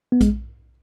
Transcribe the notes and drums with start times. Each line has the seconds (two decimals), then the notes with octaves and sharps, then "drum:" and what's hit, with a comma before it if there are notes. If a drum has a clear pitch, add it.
0.12 B3
0.21 G#3, drum: kick A#1, hi-hat